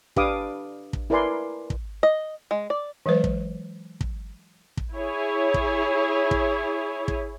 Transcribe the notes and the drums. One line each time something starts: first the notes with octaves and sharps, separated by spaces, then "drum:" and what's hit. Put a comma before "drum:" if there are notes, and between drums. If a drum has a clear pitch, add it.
D4 G4 B4 F5 D6 D#6, drum: kick
drum: kick
E4 A#4 B4 D5 G#5 C6
drum: kick
D#5
G#3
D5
E3 F#3 G#3 B4 C5
drum: kick
drum: kick
drum: kick
E4 G#4 C#5
drum: kick
drum: kick
drum: kick